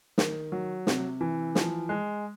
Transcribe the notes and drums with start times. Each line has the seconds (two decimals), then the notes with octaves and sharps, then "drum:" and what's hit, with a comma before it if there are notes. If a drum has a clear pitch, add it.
0.18 D#3, drum: snare
0.52 F#3
0.87 C3, drum: snare
1.21 E3
1.55 F3, drum: snare
1.89 G#3